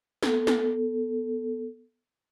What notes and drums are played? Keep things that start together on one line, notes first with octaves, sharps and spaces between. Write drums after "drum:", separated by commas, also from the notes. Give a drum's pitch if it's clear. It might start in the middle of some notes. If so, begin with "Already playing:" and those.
B3 A4, drum: snare
drum: snare